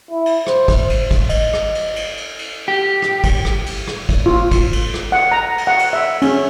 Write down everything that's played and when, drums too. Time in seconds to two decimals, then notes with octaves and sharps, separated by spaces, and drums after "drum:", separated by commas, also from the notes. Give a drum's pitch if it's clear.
0.11 E4
0.26 drum: cymbal
0.47 C5, drum: rim click
0.68 drum: kick, cymbal
0.90 drum: cymbal
1.11 drum: kick, cymbal
1.29 D#5, drum: cymbal
1.53 drum: rim click
1.75 drum: cymbal
1.96 drum: cymbal
2.17 drum: cymbal
2.39 drum: cymbal
2.68 G4
3.02 drum: rim click
3.24 drum: kick, cymbal
3.45 drum: rim click
3.66 drum: cymbal
3.88 drum: rim click
4.09 drum: kick, cymbal
4.26 F4
4.51 drum: kick, cymbal
4.73 drum: cymbal
4.94 drum: rim click
5.12 F#5
5.32 A#5
5.58 drum: cymbal
5.67 F#5
5.79 drum: cymbal
5.93 E5
6.22 C#4, drum: cymbal